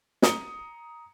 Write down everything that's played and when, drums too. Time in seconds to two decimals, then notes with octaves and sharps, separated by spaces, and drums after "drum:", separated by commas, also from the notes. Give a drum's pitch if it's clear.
0.22 A#5 D#6 C#7 G7, drum: snare